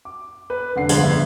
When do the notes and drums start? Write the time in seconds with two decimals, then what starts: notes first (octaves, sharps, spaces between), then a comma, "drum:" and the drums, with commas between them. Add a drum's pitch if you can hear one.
0.05 D6
0.50 B4
0.76 F1 D3 F#5 C7
0.89 G1 F3 G#3 F4 B4 G#6, drum: open hi-hat
1.03 E5